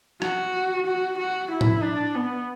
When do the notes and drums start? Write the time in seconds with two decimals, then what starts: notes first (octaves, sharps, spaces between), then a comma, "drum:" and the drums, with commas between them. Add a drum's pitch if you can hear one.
0.22 F#4, drum: rim click
0.86 F#4
1.18 F#4
1.51 E4
1.61 drum: tom A2
1.83 D4
2.15 B3